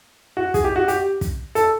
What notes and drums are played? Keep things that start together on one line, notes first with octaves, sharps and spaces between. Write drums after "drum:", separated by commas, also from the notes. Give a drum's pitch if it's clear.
F#4
G#4, drum: kick, hi-hat
G4
F#4
G4, drum: hi-hat
drum: kick, hi-hat
A4, drum: hi-hat